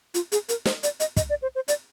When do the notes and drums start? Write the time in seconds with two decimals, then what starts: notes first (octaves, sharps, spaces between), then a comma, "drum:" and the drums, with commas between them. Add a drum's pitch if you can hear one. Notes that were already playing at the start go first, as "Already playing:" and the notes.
0.14 F4, drum: hi-hat
0.32 G#4, drum: hi-hat
0.49 A#4, drum: hi-hat
0.65 C5, drum: snare
0.83 D5, drum: hi-hat
1.00 D#5, drum: hi-hat
1.17 D#5, drum: kick, hi-hat
1.29 D5
1.42 C5
1.55 C5
1.68 D5, drum: hi-hat